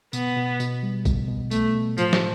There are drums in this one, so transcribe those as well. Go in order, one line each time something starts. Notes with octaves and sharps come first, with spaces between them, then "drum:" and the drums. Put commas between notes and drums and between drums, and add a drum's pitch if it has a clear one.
B2 B3, drum: tambourine
B2
B2, drum: tambourine
G3
B2, drum: kick A#1, tambourine
B2
A3 B3, drum: tambourine
B2
A2 F3, drum: tambourine
drum: snare